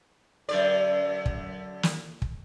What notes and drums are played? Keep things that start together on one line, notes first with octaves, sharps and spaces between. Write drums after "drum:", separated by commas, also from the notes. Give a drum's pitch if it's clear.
F#2 D3 D5
drum: kick
drum: snare
drum: kick